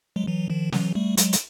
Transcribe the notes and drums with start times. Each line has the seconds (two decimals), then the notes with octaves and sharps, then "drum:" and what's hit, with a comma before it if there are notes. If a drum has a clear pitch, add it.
0.16 F#3 G#3
0.27 E3 F#3
0.50 D#3 F3
0.72 E3 F#3, drum: snare
0.95 G3 A3
1.17 F#3 G#3, drum: hi-hat
1.33 drum: hi-hat